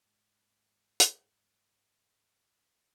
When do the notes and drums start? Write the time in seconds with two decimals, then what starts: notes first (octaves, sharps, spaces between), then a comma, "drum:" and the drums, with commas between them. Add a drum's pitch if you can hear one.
0.05 G#2 G#3
1.00 drum: hi-hat